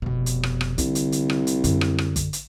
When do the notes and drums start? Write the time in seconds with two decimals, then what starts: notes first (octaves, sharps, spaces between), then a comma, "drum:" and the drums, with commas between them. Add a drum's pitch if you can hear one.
0.02 F1 B2
0.26 drum: hi-hat
0.43 drum: rim click
0.61 drum: rim click
0.78 C2 D3, drum: kick, hi-hat
0.95 drum: hi-hat
1.12 drum: hi-hat
1.30 drum: rim click
1.47 drum: hi-hat
1.64 F#2 D3, drum: hi-hat
1.81 drum: rim click
1.98 drum: rim click
2.16 drum: kick, hi-hat
2.33 drum: hi-hat